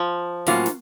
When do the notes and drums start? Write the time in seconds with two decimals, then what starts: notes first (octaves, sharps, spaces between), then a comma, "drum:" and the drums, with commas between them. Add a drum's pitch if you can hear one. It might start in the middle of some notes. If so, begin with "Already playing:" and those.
Already playing: F3
0.46 A2 F#3 A#3 C#4 F4, drum: open hi-hat
0.66 drum: snare